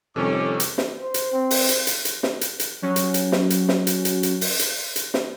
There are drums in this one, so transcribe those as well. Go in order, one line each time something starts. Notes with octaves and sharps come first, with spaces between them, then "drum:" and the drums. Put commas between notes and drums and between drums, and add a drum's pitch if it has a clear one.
F2 C3 D#3 G3 C#4 A4 D6
drum: hi-hat
drum: snare
C5
drum: hi-hat
C4
drum: open hi-hat
drum: hi-hat
drum: hi-hat
drum: hi-hat
drum: snare
drum: hi-hat
drum: hi-hat
F#3 C#4 F#4
drum: hi-hat
drum: hi-hat
drum: snare
drum: hi-hat
drum: snare
drum: hi-hat
drum: hi-hat
drum: hi-hat
drum: open hi-hat
drum: hi-hat
drum: hi-hat
drum: snare